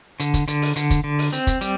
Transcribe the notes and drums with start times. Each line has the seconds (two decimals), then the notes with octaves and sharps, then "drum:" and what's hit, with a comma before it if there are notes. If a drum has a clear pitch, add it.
0.20 D3, drum: hi-hat
0.34 drum: kick, hi-hat
0.48 D3, drum: hi-hat
0.62 drum: open hi-hat
0.76 D3, drum: hi-hat
0.90 drum: kick, hi-hat
1.04 D3
1.19 drum: open hi-hat
1.33 C4, drum: hi-hat
1.47 drum: kick, hi-hat
1.61 G3, drum: hi-hat